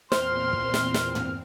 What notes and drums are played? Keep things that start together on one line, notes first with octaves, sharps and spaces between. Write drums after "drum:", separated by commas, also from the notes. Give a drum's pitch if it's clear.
E2 A#2 C4 C5 C6 F6, drum: snare
drum: kick
drum: snare
drum: snare
drum: tom